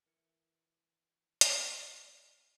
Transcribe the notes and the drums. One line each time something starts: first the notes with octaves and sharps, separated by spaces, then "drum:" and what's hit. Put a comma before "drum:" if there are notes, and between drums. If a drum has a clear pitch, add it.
E3 A#4 C#7
drum: hi-hat